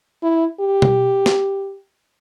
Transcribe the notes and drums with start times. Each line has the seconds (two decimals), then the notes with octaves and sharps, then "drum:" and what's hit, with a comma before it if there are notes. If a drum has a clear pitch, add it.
0.23 E4
0.60 G4
0.82 drum: tom B2
1.26 drum: snare